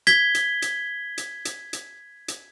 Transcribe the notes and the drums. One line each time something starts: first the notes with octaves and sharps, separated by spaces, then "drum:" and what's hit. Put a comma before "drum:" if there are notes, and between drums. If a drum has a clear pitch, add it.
G#6 B6 G7, drum: hi-hat
drum: hi-hat
drum: hi-hat
drum: hi-hat
drum: hi-hat
drum: hi-hat
drum: hi-hat